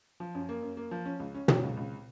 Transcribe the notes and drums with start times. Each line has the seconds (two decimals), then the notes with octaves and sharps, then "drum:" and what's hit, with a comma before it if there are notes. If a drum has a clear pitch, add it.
0.20 F3
0.35 F#2
0.49 A#3
0.63 F#2
0.77 A#3
0.91 F3
1.05 C#4
1.20 C#2
1.35 C#4
1.48 F#3, drum: tom
1.63 C#2
1.77 C#2